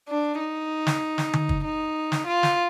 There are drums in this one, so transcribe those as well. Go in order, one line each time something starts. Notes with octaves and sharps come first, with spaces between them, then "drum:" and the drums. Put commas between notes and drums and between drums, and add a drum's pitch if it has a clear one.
D4
D#4
drum: snare
drum: snare
drum: tom D3
drum: kick
D#4
drum: snare
F4
drum: snare